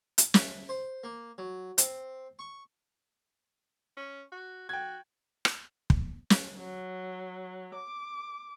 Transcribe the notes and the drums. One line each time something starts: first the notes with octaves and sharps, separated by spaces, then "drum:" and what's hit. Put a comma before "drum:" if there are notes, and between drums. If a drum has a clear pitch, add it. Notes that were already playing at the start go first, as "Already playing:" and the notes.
drum: hi-hat
E5, drum: snare
C5
A#3
F#3
C4, drum: hi-hat
C#6
C#4
F#4
F#4 G5 G#6
drum: rim click
drum: kick
drum: snare
F#3
D6